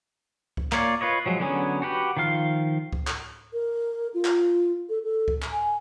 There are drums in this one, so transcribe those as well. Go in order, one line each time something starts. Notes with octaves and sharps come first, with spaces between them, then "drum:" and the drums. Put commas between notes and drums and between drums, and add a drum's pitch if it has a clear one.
drum: kick C#2
A#3 F4 C#5 D5, drum: clap
F4 B4 C#5 D#5
F3 F#3 G#3
D3 F#3 B3 C#4 G#4
F#4 G4 B4
D#3 F3 F4 F5
drum: kick C#2
drum: clap
A#4
F4
drum: clap
A4
A4
drum: kick C#2
drum: clap
G#5